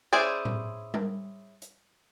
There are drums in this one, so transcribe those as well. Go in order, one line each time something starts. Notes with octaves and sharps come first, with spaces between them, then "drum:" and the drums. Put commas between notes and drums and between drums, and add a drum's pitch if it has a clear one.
C#4 E4 G#4 C5 D5
drum: tom A2
drum: tom G3
drum: hi-hat